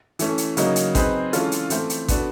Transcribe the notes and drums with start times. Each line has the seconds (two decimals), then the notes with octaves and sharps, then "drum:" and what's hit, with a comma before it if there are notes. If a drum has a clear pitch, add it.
0.19 E3 A3 C#4, drum: hi-hat
0.38 drum: hi-hat
0.57 C#3 F#3 A#3 D#4, drum: hi-hat
0.76 drum: hi-hat
0.95 C4 D#4 G#4 B4, drum: kick G#1, hi-hat
1.33 E3 G#3 C#4 F4 A4, drum: hi-hat
1.52 drum: hi-hat
1.70 E3 A3 C4 E4, drum: hi-hat
1.90 drum: hi-hat
2.08 B3 D4 F#4 A4, drum: kick G#1, hi-hat